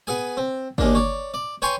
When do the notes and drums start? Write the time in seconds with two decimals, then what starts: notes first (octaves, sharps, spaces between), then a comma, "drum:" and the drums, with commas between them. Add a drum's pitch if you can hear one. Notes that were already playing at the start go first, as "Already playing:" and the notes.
0.07 B3 G#4 G#5
0.37 C4
0.78 D#2 G#3 A#3 D4, drum: kick
0.95 C#5 D5
1.34 D5
1.62 B4 C#5 G5 G#5 C6 C#6